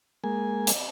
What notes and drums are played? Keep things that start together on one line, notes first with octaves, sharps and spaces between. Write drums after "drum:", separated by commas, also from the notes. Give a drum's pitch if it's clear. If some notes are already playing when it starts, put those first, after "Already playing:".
G#3 A#3 G#5
drum: hi-hat